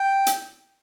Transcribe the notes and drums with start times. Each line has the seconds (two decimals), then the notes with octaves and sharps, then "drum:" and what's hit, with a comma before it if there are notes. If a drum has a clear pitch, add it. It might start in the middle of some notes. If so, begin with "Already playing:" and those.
Already playing: G5
0.27 drum: hi-hat